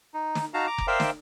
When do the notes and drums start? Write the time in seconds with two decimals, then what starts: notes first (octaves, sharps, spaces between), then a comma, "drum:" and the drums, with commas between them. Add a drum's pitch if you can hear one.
0.14 D#4
0.35 drum: snare
0.54 D#4 F#4 F5 A5 A#5
0.67 A#5 D6
0.78 drum: kick F#1
0.88 A#4 C5 D5 E5 F5 G5
1.00 drum: snare